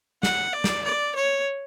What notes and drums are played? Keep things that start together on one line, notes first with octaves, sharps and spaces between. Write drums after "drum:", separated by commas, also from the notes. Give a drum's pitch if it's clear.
F#5, drum: snare
D5
drum: snare
D5
C#5